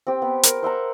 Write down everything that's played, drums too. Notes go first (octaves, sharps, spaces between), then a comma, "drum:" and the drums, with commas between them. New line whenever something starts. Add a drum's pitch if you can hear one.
C4 G4
B3
A#4, drum: hi-hat
C5 E5 F#5 A#5